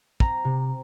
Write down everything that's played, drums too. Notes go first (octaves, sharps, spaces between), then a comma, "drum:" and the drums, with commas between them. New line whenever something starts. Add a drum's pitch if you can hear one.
C4 A#5, drum: kick
C3